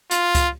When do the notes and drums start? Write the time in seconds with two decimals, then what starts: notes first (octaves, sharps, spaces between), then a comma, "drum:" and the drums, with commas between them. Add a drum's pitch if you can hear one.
0.11 F4, drum: hi-hat
0.35 drum: kick C#2, hi-hat